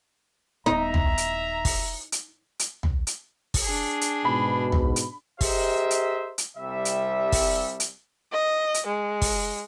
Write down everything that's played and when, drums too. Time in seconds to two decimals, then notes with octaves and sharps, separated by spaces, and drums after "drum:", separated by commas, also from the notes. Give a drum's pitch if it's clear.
0.66 D#1 B3 D#4 E5 A#5
0.94 drum: tom
1.18 drum: hi-hat
1.65 drum: kick, open hi-hat
2.12 drum: hi-hat
2.59 drum: hi-hat
2.83 drum: tom
3.07 drum: hi-hat
3.54 drum: kick, open hi-hat
3.63 D4 G#4
4.01 drum: hi-hat
4.25 G#2 B2 B5
4.72 drum: tom
4.96 drum: hi-hat
5.41 G4 G#4 A#4 C5 D#5 E5, drum: kick, open hi-hat
5.91 drum: hi-hat
6.38 drum: hi-hat
6.57 C2 C3 G3 E5
6.85 drum: hi-hat
7.32 drum: kick, open hi-hat
7.80 drum: hi-hat
8.33 D#5
8.74 drum: hi-hat
8.87 G#3
9.22 drum: kick, open hi-hat